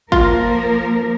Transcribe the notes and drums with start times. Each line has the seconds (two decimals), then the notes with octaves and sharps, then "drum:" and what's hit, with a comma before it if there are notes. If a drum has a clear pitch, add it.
0.12 F3 A#3 F4 A#4, drum: kick